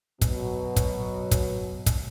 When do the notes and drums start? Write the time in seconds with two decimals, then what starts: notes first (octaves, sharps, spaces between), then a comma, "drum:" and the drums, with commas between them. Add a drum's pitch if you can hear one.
0.21 B2 F#3, drum: kick, hi-hat
0.76 drum: kick, hi-hat
1.31 drum: kick, hi-hat
1.86 drum: kick, hi-hat